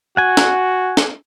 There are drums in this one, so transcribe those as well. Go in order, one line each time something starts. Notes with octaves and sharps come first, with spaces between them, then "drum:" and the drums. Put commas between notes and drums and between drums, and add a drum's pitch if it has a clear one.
F#4 F#5 G#5
drum: snare
drum: snare